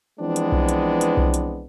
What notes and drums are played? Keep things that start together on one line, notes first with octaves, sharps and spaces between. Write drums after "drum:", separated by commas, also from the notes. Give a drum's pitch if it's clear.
E3 F3 G#3 B3 C4 D4
drum: hi-hat
drum: kick B1
drum: hi-hat
drum: hi-hat
drum: kick B1
drum: hi-hat